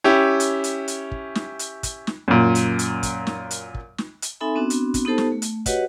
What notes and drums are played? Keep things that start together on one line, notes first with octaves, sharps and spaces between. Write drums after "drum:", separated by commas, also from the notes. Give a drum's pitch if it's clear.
C#4 E4 G4
drum: hi-hat
drum: hi-hat
drum: hi-hat
drum: kick
drum: snare
drum: hi-hat
drum: kick, hi-hat
drum: snare
F#2 A#2
drum: hi-hat
drum: hi-hat
drum: kick, hi-hat
drum: snare
drum: hi-hat
drum: kick
drum: snare
drum: hi-hat
C4 D#4 A4 E5 G#5 B5
B3 C4 D4 F#4
drum: hi-hat
drum: kick, hi-hat
B3 D#4 G4 A4 C5 A5
drum: snare
A3
drum: hi-hat
F#4 G4 B4 C#5 D#5 F#5, drum: kick, hi-hat